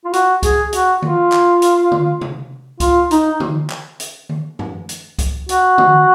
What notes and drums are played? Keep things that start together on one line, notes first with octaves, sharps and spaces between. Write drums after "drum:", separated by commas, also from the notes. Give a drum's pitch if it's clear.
F4
F#4, drum: hi-hat
G#4, drum: kick C#2, hi-hat
F#4, drum: hi-hat
F4, drum: tom D#3
drum: clap
drum: hi-hat
drum: tom
drum: tom C3
F4, drum: kick C#2, hi-hat
D#4, drum: hi-hat
drum: tom
drum: clap
drum: hi-hat
drum: tom D#3
drum: tom F#2
drum: hi-hat
drum: kick C#2, hi-hat
F#4, drum: hi-hat
drum: tom